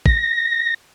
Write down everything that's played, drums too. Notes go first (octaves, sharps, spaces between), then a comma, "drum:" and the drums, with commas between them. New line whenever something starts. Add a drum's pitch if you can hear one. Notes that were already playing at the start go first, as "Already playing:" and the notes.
A#6, drum: kick